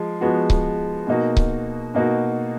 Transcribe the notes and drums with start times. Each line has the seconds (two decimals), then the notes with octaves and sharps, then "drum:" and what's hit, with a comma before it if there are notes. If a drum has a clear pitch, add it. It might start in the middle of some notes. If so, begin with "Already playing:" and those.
Already playing: F3 G#3
0.21 F3 G#3 B3 F#4
0.50 drum: kick C#1
1.07 B2 A#3 D#4 F#4
1.37 drum: kick C#1
1.95 B2 A#3 D#4 F#4